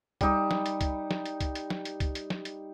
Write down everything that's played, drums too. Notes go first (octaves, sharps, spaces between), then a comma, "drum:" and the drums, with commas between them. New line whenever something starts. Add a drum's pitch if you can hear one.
G3 D#4, drum: kick C2, hi-hat
drum: snare
drum: hi-hat
drum: kick C2, hi-hat
drum: snare
drum: hi-hat
drum: kick C2, hi-hat
drum: hi-hat
drum: snare
drum: hi-hat
drum: kick C2, hi-hat
drum: hi-hat
drum: snare
drum: hi-hat